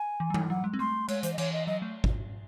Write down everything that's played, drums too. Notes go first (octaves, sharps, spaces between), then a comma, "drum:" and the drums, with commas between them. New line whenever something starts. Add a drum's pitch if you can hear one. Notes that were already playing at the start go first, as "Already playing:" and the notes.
Already playing: G#5
E3
F#3
E3, drum: tom G3
F#3 F#5
G#3
C4
A3 C6
G#3 C#5, drum: cymbal
E3 C5, drum: hi-hat
D#5
E3 C#5, drum: cymbal
D#5
F#3 D#5
A3
drum: kick